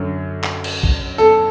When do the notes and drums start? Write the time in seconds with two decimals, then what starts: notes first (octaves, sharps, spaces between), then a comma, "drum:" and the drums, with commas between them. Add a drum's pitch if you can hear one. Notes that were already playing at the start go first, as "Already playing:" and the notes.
Already playing: F#2 D3 F#3
0.44 drum: clap
0.64 drum: cymbal
0.83 drum: kick
1.18 A4